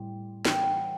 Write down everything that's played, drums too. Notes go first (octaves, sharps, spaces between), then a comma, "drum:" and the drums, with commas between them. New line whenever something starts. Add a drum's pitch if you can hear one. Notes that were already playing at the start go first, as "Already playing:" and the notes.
Already playing: A2 G3 C4
E3 B3 G5, drum: snare
F#5
F#5